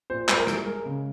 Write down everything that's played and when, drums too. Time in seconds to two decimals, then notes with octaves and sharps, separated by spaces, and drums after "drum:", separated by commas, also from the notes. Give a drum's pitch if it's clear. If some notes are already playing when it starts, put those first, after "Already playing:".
0.10 A#2 C5
0.29 G#3 C5, drum: clap
0.38 A#4
0.47 G#3, drum: rim click
0.66 G#3 A#4
0.86 C#3